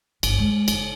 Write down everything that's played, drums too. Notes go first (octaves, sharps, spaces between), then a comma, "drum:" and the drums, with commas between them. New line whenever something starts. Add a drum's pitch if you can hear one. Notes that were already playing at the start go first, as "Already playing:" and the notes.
G1, drum: cymbal
G#3
F#1, drum: cymbal